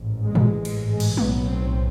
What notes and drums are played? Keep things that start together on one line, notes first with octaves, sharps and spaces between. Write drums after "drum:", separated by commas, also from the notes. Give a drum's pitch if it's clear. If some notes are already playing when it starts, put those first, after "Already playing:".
Already playing: A1 G#2
G#3
drum: tom
drum: cymbal
G#3
drum: cymbal
B1 A2 B3, drum: tom
C4